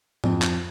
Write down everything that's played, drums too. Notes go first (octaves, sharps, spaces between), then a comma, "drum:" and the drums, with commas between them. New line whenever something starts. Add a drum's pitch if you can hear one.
F2, drum: tom G#2
drum: clap